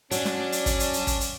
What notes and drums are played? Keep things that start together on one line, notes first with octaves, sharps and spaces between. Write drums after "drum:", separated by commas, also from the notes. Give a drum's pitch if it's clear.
F#3 C#4 D4 D5, drum: hi-hat
drum: snare
drum: hi-hat
drum: kick, hi-hat
drum: hi-hat
drum: hi-hat
drum: kick, hi-hat
drum: hi-hat